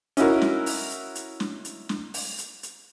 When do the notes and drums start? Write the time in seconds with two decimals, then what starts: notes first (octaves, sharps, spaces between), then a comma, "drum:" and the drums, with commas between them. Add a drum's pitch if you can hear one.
0.17 C#4 D#4 E4 F#4 A#4, drum: hi-hat
0.42 drum: snare
0.66 drum: open hi-hat
0.91 drum: hi-hat
1.15 drum: hi-hat
1.40 drum: snare
1.65 drum: hi-hat
1.89 drum: snare
2.14 drum: open hi-hat
2.38 drum: hi-hat
2.63 drum: hi-hat